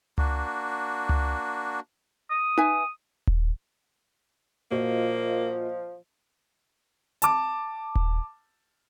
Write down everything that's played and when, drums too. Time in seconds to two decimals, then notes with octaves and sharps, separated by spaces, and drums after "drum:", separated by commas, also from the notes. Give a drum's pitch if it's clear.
0.18 A#3 D4 F#4, drum: tom C#2
1.09 drum: tom C#2
2.31 D#6
2.58 B4 E5 G#5, drum: tom D#4
3.27 drum: kick D#1
4.71 A#2 F3 A#3 F4 F#4 C5 D#5
7.22 A5 D6, drum: hi-hat
7.95 drum: kick D#1